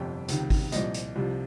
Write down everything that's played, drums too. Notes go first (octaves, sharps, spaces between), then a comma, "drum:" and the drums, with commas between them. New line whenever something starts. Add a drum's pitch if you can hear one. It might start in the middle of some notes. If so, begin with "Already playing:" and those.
Already playing: G1 F2 C3 G5
C#2 C3 D#3, drum: hi-hat
drum: kick, open hi-hat
C2 A#2 F3 D#5, drum: hi-hat
drum: hi-hat
C2 C3 F3